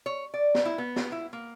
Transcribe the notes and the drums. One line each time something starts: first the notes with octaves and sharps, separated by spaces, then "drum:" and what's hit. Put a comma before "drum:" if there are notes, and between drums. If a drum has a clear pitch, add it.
C#5
D5
drum: snare
E4
B3
drum: snare
E4
A#3